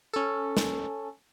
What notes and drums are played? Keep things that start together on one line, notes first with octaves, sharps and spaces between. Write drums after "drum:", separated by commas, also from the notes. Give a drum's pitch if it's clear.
C#4 A4
drum: snare